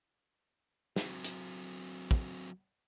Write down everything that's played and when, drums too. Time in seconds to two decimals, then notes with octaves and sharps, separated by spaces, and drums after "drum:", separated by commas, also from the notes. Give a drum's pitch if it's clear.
0.96 F#3 C4, drum: snare
1.25 drum: hi-hat
2.11 drum: kick